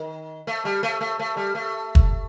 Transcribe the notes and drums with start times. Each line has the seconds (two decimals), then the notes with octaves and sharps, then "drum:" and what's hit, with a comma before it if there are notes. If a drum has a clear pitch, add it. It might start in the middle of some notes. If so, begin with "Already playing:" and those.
Already playing: D#3
0.47 A3
0.65 G3
0.83 A3
1.01 A3
1.19 A3
1.37 G3
1.55 A3
1.95 drum: kick